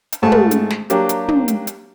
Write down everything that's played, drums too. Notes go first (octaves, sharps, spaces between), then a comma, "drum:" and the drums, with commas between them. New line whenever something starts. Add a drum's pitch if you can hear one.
drum: hi-hat
G#1 G#2 A3 A5
drum: tom
drum: hi-hat
drum: snare
F#3 A#3 D4 G4, drum: hi-hat
drum: hi-hat
drum: tom
drum: hi-hat
drum: hi-hat